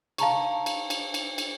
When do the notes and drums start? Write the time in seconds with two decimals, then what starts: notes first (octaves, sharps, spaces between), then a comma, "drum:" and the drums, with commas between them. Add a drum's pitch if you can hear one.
0.18 F5 A5 A#5 C#6, drum: cymbal
0.66 drum: cymbal
0.90 drum: cymbal
1.14 drum: cymbal
1.38 drum: cymbal